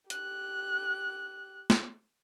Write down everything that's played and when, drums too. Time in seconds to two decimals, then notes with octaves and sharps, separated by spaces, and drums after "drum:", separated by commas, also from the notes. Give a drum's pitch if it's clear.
0.10 G4 F#6, drum: hi-hat
1.70 drum: snare